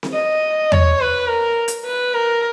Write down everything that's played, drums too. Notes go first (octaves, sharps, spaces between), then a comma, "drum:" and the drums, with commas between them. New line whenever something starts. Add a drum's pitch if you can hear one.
drum: snare C4
D#5
C#5, drum: tom E2
B4
A#4
drum: hi-hat
B4
A#4